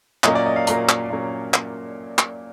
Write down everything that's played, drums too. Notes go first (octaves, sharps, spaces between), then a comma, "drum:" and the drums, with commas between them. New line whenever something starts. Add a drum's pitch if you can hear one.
A#2 F#3 A#3 C#4 D#5, drum: clap
D5
D#5
F5
A#2 F#3 A#3 C#4 A#5, drum: hi-hat
drum: clap
A#2 F#3 A#3 C#4
drum: clap
drum: clap